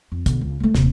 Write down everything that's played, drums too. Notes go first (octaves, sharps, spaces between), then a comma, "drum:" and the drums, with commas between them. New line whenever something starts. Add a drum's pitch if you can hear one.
F2
B2 D3, drum: kick, hi-hat
C#2
G3 A3
D#1 C3, drum: snare